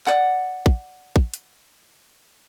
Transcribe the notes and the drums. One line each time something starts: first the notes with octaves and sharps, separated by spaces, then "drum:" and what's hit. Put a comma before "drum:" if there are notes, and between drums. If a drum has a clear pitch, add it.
D5 F#5, drum: clap
drum: kick
drum: kick
drum: hi-hat